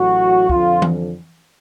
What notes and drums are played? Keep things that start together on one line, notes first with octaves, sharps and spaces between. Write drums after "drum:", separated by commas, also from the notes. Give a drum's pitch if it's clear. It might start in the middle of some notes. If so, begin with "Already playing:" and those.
Already playing: A1 A2 F#3 F#4
F2 D3 F3 F4, drum: kick
drum: tom E3